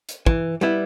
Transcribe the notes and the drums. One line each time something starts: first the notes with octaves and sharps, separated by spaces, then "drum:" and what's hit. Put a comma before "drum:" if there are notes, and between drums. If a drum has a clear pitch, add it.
drum: hi-hat
E3, drum: kick
G3 B3 E4